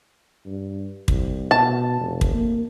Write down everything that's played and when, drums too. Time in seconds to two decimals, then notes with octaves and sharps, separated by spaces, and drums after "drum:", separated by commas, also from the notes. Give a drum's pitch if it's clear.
0.46 G2
1.08 C2, drum: kick
1.51 B2 A5
2.01 F1
2.21 drum: kick
2.34 A#3